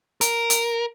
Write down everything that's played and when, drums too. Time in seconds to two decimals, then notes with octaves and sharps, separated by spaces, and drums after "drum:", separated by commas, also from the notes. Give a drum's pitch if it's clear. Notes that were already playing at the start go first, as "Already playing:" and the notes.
0.21 A#4, drum: hi-hat
0.50 drum: hi-hat